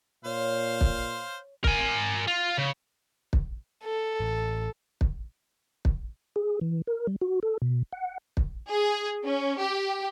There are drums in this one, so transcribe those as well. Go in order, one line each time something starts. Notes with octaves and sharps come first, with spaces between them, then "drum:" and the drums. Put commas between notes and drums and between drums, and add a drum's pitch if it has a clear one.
A#2 C5 C#5 F5
drum: kick
A#4 G#5, drum: kick
F4
C#3
drum: kick
A4
A1
drum: kick
drum: kick
G#4
E3
A#4
G3
F#4
A4
B2
F#5
drum: kick
G#4
C#4
G4